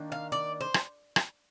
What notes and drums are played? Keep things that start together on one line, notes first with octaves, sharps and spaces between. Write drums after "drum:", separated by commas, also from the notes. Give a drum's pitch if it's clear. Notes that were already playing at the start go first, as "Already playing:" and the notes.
Already playing: D#3 A#3 D4
F5
D5
C5
drum: rim click
drum: rim click